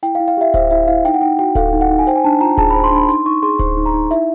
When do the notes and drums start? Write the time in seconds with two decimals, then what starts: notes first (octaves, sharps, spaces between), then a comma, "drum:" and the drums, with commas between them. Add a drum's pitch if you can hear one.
0.03 E4 G5, drum: hi-hat
0.15 F5
0.20 E4
0.28 F5
0.37 G4 E5
0.54 C5 E5, drum: kick D1, hi-hat
0.71 E4 E5
0.87 E4 F5
1.05 D#4 G5, drum: hi-hat
1.14 F#5
1.22 D#4 G5
1.39 F#4 G5
1.55 A4 F5, drum: kick D1, hi-hat
1.73 D#4
1.81 F#5
1.90 D#4
1.99 G#5
2.07 C5 G5, drum: hi-hat
2.16 G#5
2.24 D4 A5
2.40 F4 A#5
2.58 G#4 A5, drum: kick D1, hi-hat
2.70 C5 B5
2.84 C6
2.92 D4 B5
3.09 D#4 C6, drum: hi-hat
3.26 D#4 C#6
3.42 G#4 C6
3.59 C5, drum: kick D1, hi-hat
3.77 D#4
3.86 A#5
3.93 D#4
4.11 E4 E5, drum: hi-hat